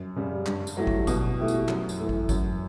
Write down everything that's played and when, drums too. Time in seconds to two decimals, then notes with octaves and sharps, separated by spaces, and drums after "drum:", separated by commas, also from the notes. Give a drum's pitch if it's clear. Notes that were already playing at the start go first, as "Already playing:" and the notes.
Already playing: F#2
0.16 C#3 G3
0.46 G2, drum: clap
0.67 drum: tambourine
0.77 F#3 A3 E4 G4
0.87 drum: kick
1.07 B2, drum: kick, tambourine
1.39 A3 E4 G4
1.48 drum: tambourine
1.68 F#2, drum: clap
1.89 drum: tambourine
2.00 E3 A3
2.09 drum: kick
2.29 F#2, drum: kick, tambourine